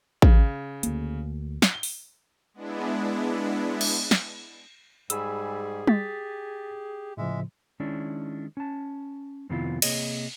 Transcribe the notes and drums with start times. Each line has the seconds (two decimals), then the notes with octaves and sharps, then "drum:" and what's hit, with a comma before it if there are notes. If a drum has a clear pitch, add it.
0.22 C#3, drum: kick A1
0.83 D2 A#3, drum: hi-hat
1.62 drum: snare
1.74 G7
1.83 drum: open hi-hat
2.54 G#3 B3 D4 E4
3.81 drum: cymbal
4.11 drum: snare
5.10 G#2 G3 G#4 G#5 B5 E6, drum: hi-hat
5.87 G4 A6 B6, drum: tom G3
7.17 A2 C#3 F3 G#3 E5
7.80 D#3 G#3 C#4 D4 E4
8.57 C#4 A5
9.50 F2 C3 D#3 B3 E4 F4
9.82 C3 A#3 G#4 C#5 D#5, drum: cymbal